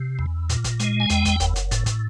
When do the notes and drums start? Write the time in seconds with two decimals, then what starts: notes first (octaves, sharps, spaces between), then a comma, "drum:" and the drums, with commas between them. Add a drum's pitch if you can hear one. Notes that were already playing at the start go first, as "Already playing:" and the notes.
Already playing: C3
0.19 E2
0.49 A#2, drum: hi-hat
0.64 drum: kick, hi-hat
0.80 G#3, drum: hi-hat
1.00 G#5
1.10 E2 G5, drum: hi-hat
1.25 drum: kick, hi-hat
1.40 F#1, drum: hi-hat
1.56 drum: hi-hat
1.71 A2, drum: hi-hat
1.86 drum: kick, hi-hat